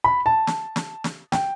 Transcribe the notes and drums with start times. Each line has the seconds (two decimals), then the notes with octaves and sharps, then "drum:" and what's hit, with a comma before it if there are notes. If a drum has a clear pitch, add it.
0.04 B5
0.26 A5
0.47 drum: snare
0.76 drum: snare
1.04 drum: snare
1.32 G5, drum: snare